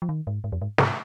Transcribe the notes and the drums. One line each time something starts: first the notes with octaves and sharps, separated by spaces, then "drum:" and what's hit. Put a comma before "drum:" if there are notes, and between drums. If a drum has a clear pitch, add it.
F3
D#3
G#2
G#2
F2
G#2
G#2, drum: snare